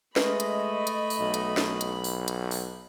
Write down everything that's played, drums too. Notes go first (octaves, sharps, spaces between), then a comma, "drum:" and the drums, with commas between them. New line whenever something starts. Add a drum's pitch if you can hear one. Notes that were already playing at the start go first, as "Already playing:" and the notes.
G#3 A3 B4 D#5 B5, drum: snare
drum: hi-hat
drum: hi-hat
drum: open hi-hat
B1
drum: hi-hat
drum: snare
drum: hi-hat
drum: open hi-hat
drum: hi-hat
drum: open hi-hat